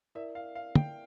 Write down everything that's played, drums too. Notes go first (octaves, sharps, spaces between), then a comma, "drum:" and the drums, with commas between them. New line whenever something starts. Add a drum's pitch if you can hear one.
E4 A#4 D5 E5
F5
F5
G5, drum: tom